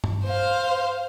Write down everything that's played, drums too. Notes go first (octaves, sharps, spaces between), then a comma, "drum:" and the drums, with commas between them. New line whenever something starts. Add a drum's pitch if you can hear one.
drum: tom G2
C5 F5